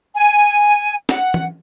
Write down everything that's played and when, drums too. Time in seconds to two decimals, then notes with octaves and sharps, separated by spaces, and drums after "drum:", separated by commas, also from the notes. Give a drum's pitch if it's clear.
0.15 G#5
1.09 F#5, drum: snare
1.34 drum: tom E3